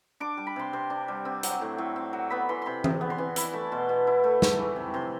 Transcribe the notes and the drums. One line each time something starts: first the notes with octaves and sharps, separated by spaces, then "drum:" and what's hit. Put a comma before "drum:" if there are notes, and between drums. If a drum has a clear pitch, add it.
D4 D6
G3
B5
C3 C6
C3 C6
D4
G3
C4
F#3, drum: hi-hat
A2
A2
C4
F#3
B3 B5
E3 C6
C3 B5 C6
C3, drum: tom E3
B3
C6
E3
E4 B5, drum: hi-hat
A3 A5
B2 C6
B2
E4
A3
A3, drum: snare
E3
C3
C3 C6